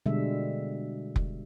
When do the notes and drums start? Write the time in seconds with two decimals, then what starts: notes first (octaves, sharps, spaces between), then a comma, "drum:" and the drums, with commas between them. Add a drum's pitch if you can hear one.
0.06 B2 D3 G3 G#3 E5
1.16 drum: kick F1